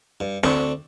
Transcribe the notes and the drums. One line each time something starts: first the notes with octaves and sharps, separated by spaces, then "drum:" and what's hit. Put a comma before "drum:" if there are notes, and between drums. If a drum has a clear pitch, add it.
G2
D2 C4 D4 C#6, drum: snare